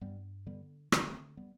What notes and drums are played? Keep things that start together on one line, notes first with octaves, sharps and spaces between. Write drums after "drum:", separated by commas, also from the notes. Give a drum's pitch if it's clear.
G2 G3 B3
D3 G3 B3
D3 C4, drum: rim click
B3
A3 C4
G3 B3